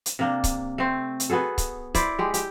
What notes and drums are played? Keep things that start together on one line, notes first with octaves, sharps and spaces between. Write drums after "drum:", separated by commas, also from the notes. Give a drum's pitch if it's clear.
drum: hi-hat
C3 A#3 D4
drum: kick C#1, hi-hat
A3 C4
drum: hi-hat
B3 F#4 G#4 A4
drum: kick C#1, hi-hat
E4 C5 D5, drum: kick C#1, hi-hat
G#3 G4
G4 G5, drum: hi-hat